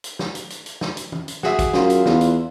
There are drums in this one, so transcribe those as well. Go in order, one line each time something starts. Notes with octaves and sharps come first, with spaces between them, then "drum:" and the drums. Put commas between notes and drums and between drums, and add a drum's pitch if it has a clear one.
drum: hi-hat
drum: snare
drum: hi-hat
drum: hi-hat
drum: hi-hat
drum: snare
drum: hi-hat
drum: tom
drum: hi-hat
F#4 G#4 E5, drum: snare
drum: kick, hi-hat
F#2 F4, drum: snare
drum: hi-hat
E2, drum: snare
drum: hi-hat